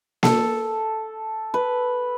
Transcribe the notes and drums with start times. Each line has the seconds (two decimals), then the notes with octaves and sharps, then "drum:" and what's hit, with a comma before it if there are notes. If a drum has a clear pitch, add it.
0.23 A4, drum: snare A#3
1.54 B4